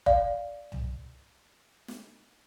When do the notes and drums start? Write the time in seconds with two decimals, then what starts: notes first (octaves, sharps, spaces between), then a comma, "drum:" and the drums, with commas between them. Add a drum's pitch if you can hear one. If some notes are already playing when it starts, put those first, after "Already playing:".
0.06 D5 F5, drum: kick F#1
0.72 drum: tom C2
1.88 drum: snare